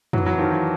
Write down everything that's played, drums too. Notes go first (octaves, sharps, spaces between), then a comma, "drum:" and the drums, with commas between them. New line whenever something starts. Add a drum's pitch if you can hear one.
E3 F#3, drum: tom
E3 F#3
D#3 F3
E3